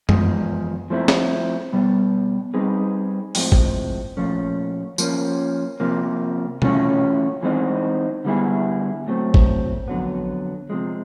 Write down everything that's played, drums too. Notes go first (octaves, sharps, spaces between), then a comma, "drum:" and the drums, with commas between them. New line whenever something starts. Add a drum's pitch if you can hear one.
E2 C#3 F3 G#3, drum: tom F#2
F3 A3 C4 E4
drum: snare C4
B2 G3 B3
G3 C4 D#4 G#4 B4
A2 F3 G#3 C4, drum: open hi-hat
drum: kick
A#2 F3 A3 C#4
F3 A#3 C#4, drum: tambourine
C3 F3 A#3
E3 A3 C#4 F4, drum: tom B2
E3 G#3 C4 D#4
D3 G3 B3 E4 G#4
A2 F#3 A3 C4
drum: kick
F2 D3 F#3 B3
C3 F3 G#3